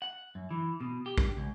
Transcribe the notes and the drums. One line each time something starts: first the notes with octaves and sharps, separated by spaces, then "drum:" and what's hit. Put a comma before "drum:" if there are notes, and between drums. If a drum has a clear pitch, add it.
F#5
F#2
E3
B2
G4
drum: kick A#1
C#2